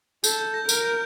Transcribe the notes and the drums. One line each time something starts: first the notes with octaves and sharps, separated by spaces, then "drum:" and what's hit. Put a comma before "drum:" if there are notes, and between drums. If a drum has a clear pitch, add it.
A4 G6, drum: tambourine
G6
A#6
A#4 D7, drum: tambourine
G6